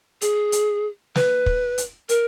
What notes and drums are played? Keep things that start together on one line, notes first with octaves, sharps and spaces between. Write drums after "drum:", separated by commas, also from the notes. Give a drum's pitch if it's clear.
G#4, drum: hi-hat
drum: hi-hat
B4, drum: snare
drum: kick
drum: hi-hat
A#4, drum: hi-hat